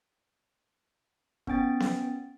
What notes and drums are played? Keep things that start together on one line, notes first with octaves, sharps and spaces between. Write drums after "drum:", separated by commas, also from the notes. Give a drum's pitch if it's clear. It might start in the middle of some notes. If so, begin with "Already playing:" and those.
B3 C#4 G5 A6, drum: kick
drum: snare B3